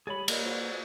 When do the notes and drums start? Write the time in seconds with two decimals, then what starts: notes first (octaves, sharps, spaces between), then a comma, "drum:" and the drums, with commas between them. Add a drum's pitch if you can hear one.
0.07 G3 G#4 C#5 B5 A6
0.28 A#3 A#4 D5 D#5, drum: cymbal
0.44 F#4 C5 D5